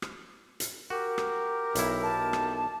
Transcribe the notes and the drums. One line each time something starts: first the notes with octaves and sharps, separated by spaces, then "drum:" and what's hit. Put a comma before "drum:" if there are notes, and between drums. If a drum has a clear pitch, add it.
drum: rim click
drum: hi-hat
F#4 G4 A#4
drum: rim click
B1 E4, drum: hi-hat
A5
drum: rim click